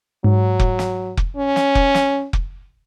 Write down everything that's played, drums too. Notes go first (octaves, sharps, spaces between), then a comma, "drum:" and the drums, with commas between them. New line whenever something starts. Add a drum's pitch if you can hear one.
G#2 F#3
drum: kick F1
drum: snare
drum: kick F1
C#4
drum: snare
drum: kick F1
drum: snare
drum: kick F1